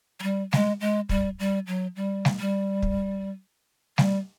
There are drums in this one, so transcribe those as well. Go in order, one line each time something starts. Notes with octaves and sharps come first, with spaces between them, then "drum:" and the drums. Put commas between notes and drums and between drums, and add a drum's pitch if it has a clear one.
F#3
G3
G#3, drum: snare G3
G#3
G3, drum: kick
G3
F#3
G3
drum: snare G3
G3
drum: kick
G3, drum: snare G3